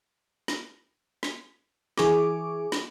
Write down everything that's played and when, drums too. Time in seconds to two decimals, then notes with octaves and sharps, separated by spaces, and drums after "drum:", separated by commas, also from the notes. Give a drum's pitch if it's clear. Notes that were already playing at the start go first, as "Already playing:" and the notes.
0.48 drum: snare
1.23 drum: snare
1.98 E3 G#4 C#6 D6, drum: snare
2.72 drum: snare